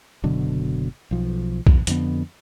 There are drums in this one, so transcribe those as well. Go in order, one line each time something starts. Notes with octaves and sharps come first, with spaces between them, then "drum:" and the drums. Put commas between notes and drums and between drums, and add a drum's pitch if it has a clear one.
F#1 B2 D3 F#3
B1 F3
E2, drum: kick
F2 D3 B3, drum: hi-hat